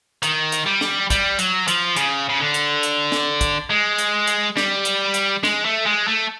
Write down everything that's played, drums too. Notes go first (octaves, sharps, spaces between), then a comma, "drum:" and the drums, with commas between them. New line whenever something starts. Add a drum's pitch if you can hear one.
D#3, drum: hi-hat
drum: hi-hat
G3
drum: snare
G3, drum: kick, hi-hat
F#3, drum: hi-hat
F3, drum: hi-hat
C#3, drum: hi-hat
C#3
D3
drum: hi-hat
drum: hi-hat
drum: snare
drum: kick, hi-hat
G#3
drum: hi-hat
drum: hi-hat
G3, drum: snare
drum: hi-hat
drum: hi-hat
G#3, drum: snare
A3
G#3
A3